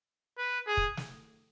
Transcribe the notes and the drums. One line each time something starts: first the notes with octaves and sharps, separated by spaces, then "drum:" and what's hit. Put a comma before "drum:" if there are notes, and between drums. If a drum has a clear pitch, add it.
B4
G#4
drum: kick
drum: snare